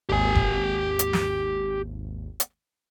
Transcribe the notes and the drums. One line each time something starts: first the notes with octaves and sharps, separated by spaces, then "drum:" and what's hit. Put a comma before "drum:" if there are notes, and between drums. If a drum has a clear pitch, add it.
G#1 D#2 G4 G#5
drum: kick F1
drum: hi-hat
drum: snare
drum: hi-hat